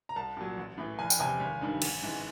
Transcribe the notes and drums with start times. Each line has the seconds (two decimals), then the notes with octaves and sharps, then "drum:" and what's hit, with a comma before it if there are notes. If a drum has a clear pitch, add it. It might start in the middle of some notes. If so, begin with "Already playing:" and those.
0.09 A#5
0.16 C2 A5
0.37 A#2 F#3
0.57 A1
0.78 A2 E3
0.99 F1 G#5
1.10 G5, drum: tambourine
1.19 E2 C3 G#5
1.40 G#1
1.61 G2 D#3 G3
1.82 A1, drum: cymbal
2.02 G#2 E3 G#3